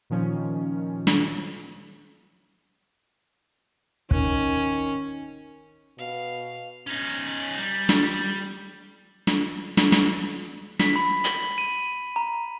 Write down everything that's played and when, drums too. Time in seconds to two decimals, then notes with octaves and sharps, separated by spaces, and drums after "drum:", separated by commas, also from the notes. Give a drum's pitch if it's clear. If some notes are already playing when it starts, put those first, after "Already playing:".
0.10 A#2 D#3 F3 C#4
1.07 drum: snare
4.11 D#3 C#4, drum: kick
5.98 B2 F5
6.87 C#4 D#4
7.58 G3
7.89 drum: snare
9.27 drum: snare
9.77 drum: snare
9.92 drum: snare
10.79 B6, drum: snare
10.96 B5
11.24 F#7, drum: hi-hat
11.58 D#7
12.16 A#5